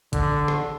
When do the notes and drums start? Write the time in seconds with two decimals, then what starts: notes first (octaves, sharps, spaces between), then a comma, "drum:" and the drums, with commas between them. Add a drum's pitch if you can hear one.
0.13 D3, drum: kick G#1, hi-hat
0.48 drum: rim click